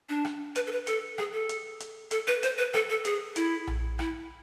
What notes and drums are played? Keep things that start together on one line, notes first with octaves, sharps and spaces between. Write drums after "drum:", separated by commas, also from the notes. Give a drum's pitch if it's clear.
D4
drum: rim click
B4, drum: hi-hat
A4
B4
A4, drum: hi-hat
G#4, drum: rim click
A4
drum: hi-hat
drum: hi-hat
A4, drum: hi-hat
B4
C5, drum: hi-hat
B4
A4, drum: rim click
A4
G#4, drum: hi-hat
E4, drum: hi-hat
drum: tom A#1
E4, drum: rim click